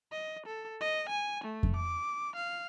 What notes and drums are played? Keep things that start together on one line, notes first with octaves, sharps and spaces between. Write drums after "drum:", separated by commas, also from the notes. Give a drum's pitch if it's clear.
D#5
A4
D#5
G#5
A3
drum: kick F2
D6
F5